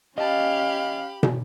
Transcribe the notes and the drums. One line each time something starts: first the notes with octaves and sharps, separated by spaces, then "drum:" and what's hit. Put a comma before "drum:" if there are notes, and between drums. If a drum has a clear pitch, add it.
C#4 G4 D#5 F5 A5 B5
drum: tom